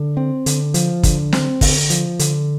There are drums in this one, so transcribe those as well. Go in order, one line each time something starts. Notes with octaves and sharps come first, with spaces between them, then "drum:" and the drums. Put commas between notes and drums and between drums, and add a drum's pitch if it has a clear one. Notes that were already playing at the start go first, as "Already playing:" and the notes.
Already playing: D3
C4
D3, drum: hi-hat
F3, drum: hi-hat
D3, drum: kick, hi-hat
C4, drum: snare
D3, drum: kick, open hi-hat
F3, drum: hi-hat
D3, drum: hi-hat